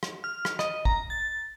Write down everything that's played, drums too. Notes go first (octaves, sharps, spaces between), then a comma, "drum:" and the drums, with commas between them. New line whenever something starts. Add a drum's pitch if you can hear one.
drum: rim click
F6
drum: rim click
D#5, drum: rim click
A#5, drum: kick A1
A6